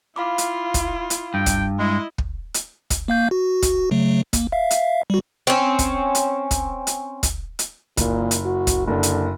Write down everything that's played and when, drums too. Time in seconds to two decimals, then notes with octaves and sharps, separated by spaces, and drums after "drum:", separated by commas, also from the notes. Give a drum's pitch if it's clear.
0.16 E4 F4 F5 B5 D6
0.38 drum: hi-hat
0.74 drum: kick, hi-hat
1.10 drum: hi-hat
1.34 G2 G5
1.46 drum: kick, hi-hat
1.79 G#3 E4 D#5
2.18 drum: kick
2.54 drum: hi-hat
2.90 drum: kick, hi-hat
3.08 A#3 F5 G6
3.31 F#4
3.62 drum: kick, hi-hat
3.91 C#3 F#3 A3
4.33 A#3, drum: kick, hi-hat
4.52 E5 F5
4.71 drum: hi-hat
5.10 G3 F#4
5.47 C4 C#4
5.79 drum: kick, hi-hat
6.15 drum: hi-hat
6.51 drum: kick, hi-hat
6.87 drum: hi-hat
7.23 drum: kick, hi-hat
7.59 drum: hi-hat
7.97 F#1 A#2, drum: kick, hi-hat
8.31 drum: hi-hat
8.45 F#4
8.67 drum: kick, hi-hat
8.87 F#1 D3
9.03 drum: hi-hat